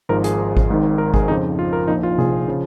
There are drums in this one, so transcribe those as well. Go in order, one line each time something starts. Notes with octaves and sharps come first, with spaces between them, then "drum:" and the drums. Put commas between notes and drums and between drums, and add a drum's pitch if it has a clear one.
G#1 G#2 F3 A#4
G#4, drum: hi-hat
drum: kick G#1
G#1 G#2 D#3
A#4
G#4, drum: kick G#1
F2 C#3 F3 D#4
F4
A#4
A#1 A#2 F3 D#4
F4
G#4, drum: tom C3
C#3 F3